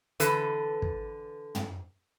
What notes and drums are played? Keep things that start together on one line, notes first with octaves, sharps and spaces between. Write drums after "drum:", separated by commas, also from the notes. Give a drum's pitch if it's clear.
D3 E3 A4 B4, drum: hi-hat
drum: kick
drum: tom